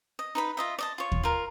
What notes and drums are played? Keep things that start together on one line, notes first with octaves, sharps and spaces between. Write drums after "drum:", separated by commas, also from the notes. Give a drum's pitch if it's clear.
D#5
D#4 B4 B5
F4 D#5 E5
D5 D#5 A5
F4 C#5
drum: kick D#2
F4 A#4